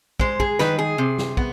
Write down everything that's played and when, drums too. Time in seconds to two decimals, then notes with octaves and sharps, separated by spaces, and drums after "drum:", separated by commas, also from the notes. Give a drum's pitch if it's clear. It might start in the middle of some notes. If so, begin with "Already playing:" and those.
0.20 G#3 C5, drum: kick
0.40 G#4, drum: kick
0.59 D#3 B4, drum: snare
0.79 G#4
0.98 C3
1.18 drum: snare
1.37 B3, drum: kick